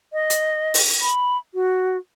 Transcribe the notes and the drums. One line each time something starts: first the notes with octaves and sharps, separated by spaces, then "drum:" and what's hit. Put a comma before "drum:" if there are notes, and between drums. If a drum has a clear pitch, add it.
D#5
drum: hi-hat
drum: open hi-hat
B5
F#4